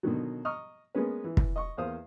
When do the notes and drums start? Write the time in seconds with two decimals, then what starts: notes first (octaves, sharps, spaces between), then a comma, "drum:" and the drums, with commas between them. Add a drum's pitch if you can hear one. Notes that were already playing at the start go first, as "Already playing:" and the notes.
0.03 B2 D3 D#3 F#3
0.45 D#5 A#5 C#6 D#6 F6
0.95 G#3 A#3 B3 C#4 B4
1.24 E3
1.37 drum: kick
1.56 D#5 C#6
1.78 E2 A#3 C5 F5 D#6